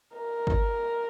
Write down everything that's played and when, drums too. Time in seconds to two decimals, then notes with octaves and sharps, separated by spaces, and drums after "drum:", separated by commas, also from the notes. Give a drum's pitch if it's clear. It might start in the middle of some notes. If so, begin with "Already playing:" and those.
0.17 A#4
0.47 drum: kick G1